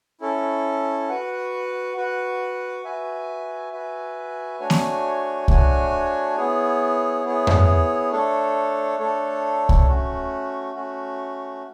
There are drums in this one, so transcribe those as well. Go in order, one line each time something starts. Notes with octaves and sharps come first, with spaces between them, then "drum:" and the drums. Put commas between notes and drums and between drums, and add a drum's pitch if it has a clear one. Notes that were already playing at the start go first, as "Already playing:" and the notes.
C#4 E4 A4
F#4 B4 F#5
F#4 B4 F#5
F#4 B4 E5 G#5
F#4 B4 E5 G#5
A3 D4 F#4 C#5 G#5
drum: snare A#3
A3 D4 F#4 C#5 G#5, drum: kick C2
B3 E4 G#4 C#5
B3 E4 G#4 C#5
drum: tom F2
A3 D4 A4 C#5
A3 D4 A4 C#5
drum: kick C2
A3 C#4 F#4
A3 C#4 F#4